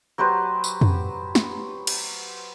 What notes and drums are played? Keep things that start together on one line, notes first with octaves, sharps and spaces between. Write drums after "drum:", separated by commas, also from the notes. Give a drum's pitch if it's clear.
F#3 G4 B4 C5
drum: tambourine
drum: tom F2
drum: snare
drum: cymbal